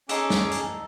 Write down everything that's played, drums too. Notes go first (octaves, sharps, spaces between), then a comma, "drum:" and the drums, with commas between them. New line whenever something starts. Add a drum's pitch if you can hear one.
C#4 D#4 G#4 A4 D6, drum: hi-hat
drum: snare
drum: hi-hat